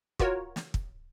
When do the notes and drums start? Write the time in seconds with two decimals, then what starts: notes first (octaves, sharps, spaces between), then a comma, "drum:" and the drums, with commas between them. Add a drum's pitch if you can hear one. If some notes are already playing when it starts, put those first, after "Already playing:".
0.19 F4 F#4 A#4 C#5, drum: kick
0.56 drum: snare
0.74 drum: kick